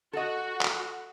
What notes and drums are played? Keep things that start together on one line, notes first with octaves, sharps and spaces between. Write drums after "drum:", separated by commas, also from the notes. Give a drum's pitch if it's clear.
F#4 A4 D#5
drum: clap